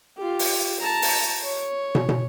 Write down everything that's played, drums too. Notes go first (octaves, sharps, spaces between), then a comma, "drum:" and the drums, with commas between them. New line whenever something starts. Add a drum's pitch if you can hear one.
F4 G4
drum: open hi-hat
A5 A#5
drum: open hi-hat
C#5
drum: tom
drum: tom